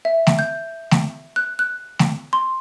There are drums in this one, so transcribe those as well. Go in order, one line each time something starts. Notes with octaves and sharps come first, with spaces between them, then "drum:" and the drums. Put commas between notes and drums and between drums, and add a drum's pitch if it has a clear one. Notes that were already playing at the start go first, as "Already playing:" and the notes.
E5
drum: snare A3
G6
drum: snare A3
F#6
F#6
drum: snare A3
C6